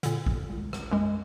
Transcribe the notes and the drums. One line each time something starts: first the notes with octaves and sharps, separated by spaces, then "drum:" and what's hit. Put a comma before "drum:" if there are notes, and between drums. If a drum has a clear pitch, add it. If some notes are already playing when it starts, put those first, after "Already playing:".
A#2 D3, drum: hi-hat
drum: kick A1
drum: tom G#3
drum: rim click
F#2 G#3